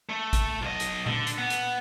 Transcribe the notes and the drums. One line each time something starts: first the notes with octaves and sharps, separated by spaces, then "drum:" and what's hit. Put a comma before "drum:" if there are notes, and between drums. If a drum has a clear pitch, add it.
A3
drum: kick G#1, hi-hat
B1 D#5
drum: hi-hat
D3, drum: tom A#2
drum: hi-hat
B3
drum: hi-hat